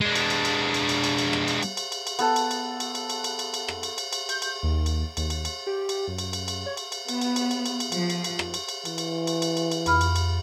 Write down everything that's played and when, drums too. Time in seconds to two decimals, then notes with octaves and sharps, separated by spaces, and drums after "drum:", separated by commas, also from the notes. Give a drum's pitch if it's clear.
0.01 G#3 D4
0.15 drum: cymbal
0.30 drum: cymbal
0.45 drum: cymbal
0.74 drum: cymbal
0.89 drum: cymbal
1.04 drum: cymbal
1.18 drum: cymbal
1.33 drum: rim click
1.48 drum: cymbal
1.63 drum: cymbal
1.77 drum: cymbal
1.92 drum: cymbal
2.07 drum: cymbal
2.19 B3 A4 A5, drum: cymbal
2.36 drum: cymbal
2.51 drum: cymbal
2.80 drum: cymbal
2.95 drum: cymbal
3.10 drum: cymbal
3.24 drum: cymbal
3.39 drum: cymbal
3.54 drum: cymbal
3.68 drum: rim click
3.83 drum: cymbal
3.98 drum: cymbal
4.13 drum: cymbal
4.29 G6, drum: cymbal
4.42 drum: cymbal
4.63 D#2
4.86 drum: cymbal
5.17 D#2, drum: cymbal
5.30 drum: cymbal
5.45 drum: cymbal
5.67 G4
5.89 drum: cymbal
6.07 F#2
6.18 drum: cymbal
6.33 drum: cymbal
6.48 drum: cymbal
6.66 C#5
6.77 drum: cymbal
6.92 drum: cymbal
7.08 B3, drum: cymbal
7.21 drum: cymbal
7.36 drum: cymbal
7.51 drum: cymbal
7.66 drum: cymbal
7.80 drum: cymbal
7.92 F3, drum: cymbal
8.10 drum: cymbal
8.24 drum: cymbal
8.39 drum: rim click
8.54 drum: cymbal
8.69 drum: cymbal
8.85 E3, drum: cymbal
8.98 drum: cymbal
9.27 drum: cymbal
9.42 drum: cymbal
9.57 drum: cymbal
9.71 drum: cymbal
9.86 F2 B5 F6, drum: cymbal
10.01 drum: cymbal
10.16 drum: cymbal